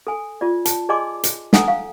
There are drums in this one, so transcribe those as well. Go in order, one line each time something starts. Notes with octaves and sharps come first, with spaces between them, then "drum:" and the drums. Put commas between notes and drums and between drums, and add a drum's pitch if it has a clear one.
A4 G#5
F4 D5
A5, drum: hi-hat
G#4 D5 D#5 G#5 C6 D6
drum: hi-hat
A4 F#5 G#5 A#5 D#6, drum: snare
F5